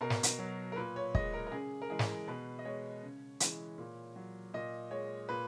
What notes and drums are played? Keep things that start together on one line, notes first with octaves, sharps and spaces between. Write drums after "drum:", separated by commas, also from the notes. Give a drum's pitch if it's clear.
B2 A#4
drum: snare
drum: hi-hat
F#3
A#4
A#2 B4
C#5
G#3 D#5, drum: kick
A#4
A#4
C#3 G#4
A#4
E3 G#3 G#4
drum: snare
B2 B4
D#5
G#3 C#5
C#3
E3 G#3, drum: hi-hat
A#2
F#3
A#2 D#5
G#3 C#5
A#2 B4